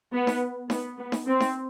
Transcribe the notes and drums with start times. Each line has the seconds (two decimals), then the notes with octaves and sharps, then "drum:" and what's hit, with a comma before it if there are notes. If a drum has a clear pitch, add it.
0.13 B3
0.27 drum: snare D#4
0.70 B3, drum: snare D#4
0.98 B3
1.12 drum: snare D#4
1.27 C4
1.40 drum: snare D#4